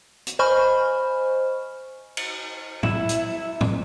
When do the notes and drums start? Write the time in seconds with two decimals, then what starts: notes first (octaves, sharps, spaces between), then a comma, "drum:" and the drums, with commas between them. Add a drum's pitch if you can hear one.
0.27 drum: hi-hat
0.39 C5 D#5 G#5 B5 C#6 F6
2.17 drum: cymbal
2.83 E4, drum: tom
3.09 drum: hi-hat
3.61 drum: tom